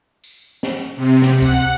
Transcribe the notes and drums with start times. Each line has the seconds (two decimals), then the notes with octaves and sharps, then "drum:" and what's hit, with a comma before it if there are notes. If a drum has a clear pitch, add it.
0.24 drum: tambourine
0.63 drum: snare
0.97 C3
1.22 drum: snare
1.42 F#5, drum: kick C#2, tambourine